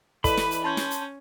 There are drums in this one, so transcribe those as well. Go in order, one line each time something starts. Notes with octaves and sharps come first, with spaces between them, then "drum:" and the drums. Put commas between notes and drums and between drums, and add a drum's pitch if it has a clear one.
E3 A4 B4 D5 D#5 B5, drum: kick, hi-hat
drum: snare
drum: hi-hat
C#4 A5 C6 G6
drum: snare
drum: hi-hat